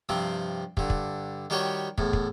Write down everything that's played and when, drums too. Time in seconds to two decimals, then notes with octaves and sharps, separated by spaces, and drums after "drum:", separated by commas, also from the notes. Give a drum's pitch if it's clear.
0.09 G2 C3 F3 C4
0.77 G2 D3, drum: kick
0.90 drum: kick
1.50 D#3 G3 F#4 G4 C#5
1.98 E2 A2, drum: kick
2.13 drum: kick